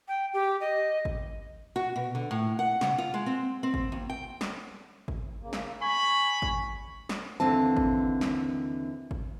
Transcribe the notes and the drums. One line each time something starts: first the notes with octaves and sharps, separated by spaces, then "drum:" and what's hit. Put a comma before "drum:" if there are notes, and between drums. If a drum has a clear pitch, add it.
G5
G4
D#5
drum: kick G#1
F#4
B2
D3
A2
F#5
C#3, drum: snare
F4
G#3
C4
C4
drum: kick G#1
D#2
G5
drum: snare
drum: kick G#1
C#3 A#3
drum: snare
G#5 B5 C#6
drum: kick G#1
drum: snare
D#2 D3 E3 C4 A5
drum: kick G#1
drum: snare
drum: kick G#1